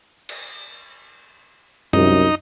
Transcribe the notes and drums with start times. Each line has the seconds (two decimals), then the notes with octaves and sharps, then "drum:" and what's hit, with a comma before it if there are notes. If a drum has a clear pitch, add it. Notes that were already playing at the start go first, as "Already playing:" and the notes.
0.29 drum: cymbal
1.93 C2 F#2 D#4, drum: tom